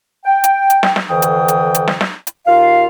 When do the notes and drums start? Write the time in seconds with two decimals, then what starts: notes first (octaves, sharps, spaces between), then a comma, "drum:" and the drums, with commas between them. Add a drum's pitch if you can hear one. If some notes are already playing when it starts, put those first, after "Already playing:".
0.24 G5
0.44 drum: hi-hat
0.70 drum: hi-hat
0.83 drum: snare
0.96 drum: snare
1.09 F2 D3 E3 G5 D#6
1.22 drum: hi-hat
1.48 drum: hi-hat
1.74 drum: hi-hat
1.88 drum: snare
2.01 drum: snare
2.27 drum: hi-hat
2.47 D#2 F4 F5